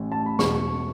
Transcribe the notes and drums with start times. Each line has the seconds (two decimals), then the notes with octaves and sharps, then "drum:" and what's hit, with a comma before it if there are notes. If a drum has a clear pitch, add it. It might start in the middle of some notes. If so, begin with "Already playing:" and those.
Already playing: A1 A2 E3
0.12 A5
0.26 B5
0.39 E1 E2 B2 C#6, drum: snare